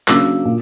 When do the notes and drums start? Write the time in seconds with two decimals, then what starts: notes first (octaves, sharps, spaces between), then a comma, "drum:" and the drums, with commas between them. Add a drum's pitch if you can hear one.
0.08 C#3 F#3 A#3 D4 D6 E6, drum: clap
0.45 A#2